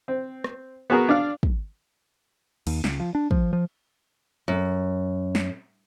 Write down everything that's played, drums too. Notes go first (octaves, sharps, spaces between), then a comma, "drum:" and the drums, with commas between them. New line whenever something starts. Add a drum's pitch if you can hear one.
C4
drum: rim click
B3 F#4 G#4 A#4
D4 D5 F5
drum: kick
D#2, drum: cymbal
C#2, drum: snare
F3
D4
F3, drum: kick
F3
F#2
drum: snare